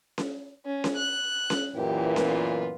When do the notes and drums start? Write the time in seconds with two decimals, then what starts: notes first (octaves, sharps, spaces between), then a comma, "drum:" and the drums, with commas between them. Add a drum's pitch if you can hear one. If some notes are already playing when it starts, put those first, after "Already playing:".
0.18 drum: snare C#4
0.66 C#4
0.84 drum: snare C#4
0.96 F#6
1.50 drum: snare C#4
1.76 F#2 A#2 E3 G4
2.16 B3 F4, drum: snare C#4